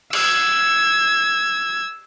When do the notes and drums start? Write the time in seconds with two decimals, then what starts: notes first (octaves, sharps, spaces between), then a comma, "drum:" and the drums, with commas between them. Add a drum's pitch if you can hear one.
0.13 E6 G#6, drum: cymbal